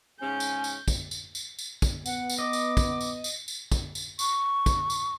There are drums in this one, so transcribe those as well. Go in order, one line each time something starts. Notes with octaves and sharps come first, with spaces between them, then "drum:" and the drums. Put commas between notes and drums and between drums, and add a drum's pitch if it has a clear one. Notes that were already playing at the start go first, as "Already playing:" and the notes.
G#2 C#3 C#4 G#5 G6
drum: tambourine
drum: tambourine
drum: kick, tambourine
drum: tambourine
drum: tambourine
drum: tambourine
drum: kick, tambourine
B3 F#5, drum: tambourine
drum: tambourine
D#5 D6
drum: tambourine
drum: kick, tambourine
drum: tambourine
drum: tambourine
drum: tambourine
drum: kick, tambourine
drum: tambourine
C#6, drum: tambourine
drum: kick, tambourine
drum: tambourine